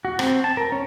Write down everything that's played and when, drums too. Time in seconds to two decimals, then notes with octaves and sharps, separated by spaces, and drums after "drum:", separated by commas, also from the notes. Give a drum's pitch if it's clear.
0.05 F#4
0.19 C4, drum: rim click
0.44 A5
0.57 A#4
0.72 C#4